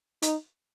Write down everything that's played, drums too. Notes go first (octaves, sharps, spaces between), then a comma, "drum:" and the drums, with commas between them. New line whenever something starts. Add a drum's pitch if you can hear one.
D#4, drum: hi-hat